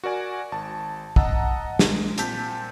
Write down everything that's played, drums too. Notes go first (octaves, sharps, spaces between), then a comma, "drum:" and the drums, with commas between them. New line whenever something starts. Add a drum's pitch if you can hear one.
F#4 A#4 D5 G#5
G#1 A5
D#5 F#5 A5 A#5 E6, drum: kick
G#3 A#4, drum: snare
A#2 C4 A5 G6 B6, drum: hi-hat